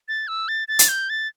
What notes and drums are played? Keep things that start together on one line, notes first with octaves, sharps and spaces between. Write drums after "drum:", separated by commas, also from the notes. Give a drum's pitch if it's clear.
A6
E6
A6
A6
drum: hi-hat
G6
A6